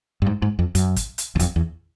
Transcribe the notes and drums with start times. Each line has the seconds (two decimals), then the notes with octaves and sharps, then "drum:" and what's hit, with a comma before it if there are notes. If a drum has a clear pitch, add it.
0.22 G2
0.27 G#2
0.42 G#2
0.59 F2
0.75 F#2, drum: hi-hat
0.96 drum: kick, hi-hat
1.18 drum: hi-hat
1.36 E2
1.40 F2, drum: kick, hi-hat
1.56 E2